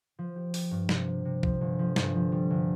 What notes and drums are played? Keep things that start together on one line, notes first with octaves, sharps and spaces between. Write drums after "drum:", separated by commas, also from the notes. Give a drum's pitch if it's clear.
F3
G4
G4, drum: open hi-hat
G2
C3, drum: snare
F3
C3
F3, drum: kick C2
G1
F3
G1, drum: snare
F3
G3
G1